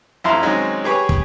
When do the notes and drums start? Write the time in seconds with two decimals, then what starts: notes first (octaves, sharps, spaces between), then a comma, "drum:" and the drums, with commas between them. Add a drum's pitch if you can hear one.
0.24 A1 F2 E4 F5 A#5 C6
0.43 D#3 F#3 G#3 C4 C#4 D#4
0.84 G4 G#4 B4 C#5
1.09 drum: kick